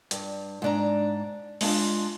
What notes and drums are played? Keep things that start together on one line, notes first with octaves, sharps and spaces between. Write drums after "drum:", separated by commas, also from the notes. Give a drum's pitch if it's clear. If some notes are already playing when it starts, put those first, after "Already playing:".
G2, drum: hi-hat
G#2 D4 A#5
G#3 D4 F4, drum: open hi-hat